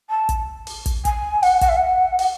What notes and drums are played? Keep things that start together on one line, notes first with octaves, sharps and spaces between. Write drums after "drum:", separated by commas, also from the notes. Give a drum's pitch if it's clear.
A5
drum: kick, hi-hat
drum: open hi-hat
drum: kick, hi-hat
G#5, drum: kick, hi-hat
F#5, drum: open hi-hat
F#5, drum: kick, hi-hat
E5
F#5
F#5, drum: open hi-hat